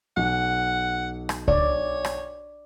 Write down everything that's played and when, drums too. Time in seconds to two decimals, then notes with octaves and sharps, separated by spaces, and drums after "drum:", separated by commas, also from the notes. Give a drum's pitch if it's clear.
0.17 B1 F#5
1.29 drum: rim click
1.48 C#5 D5, drum: kick C#2
2.05 drum: rim click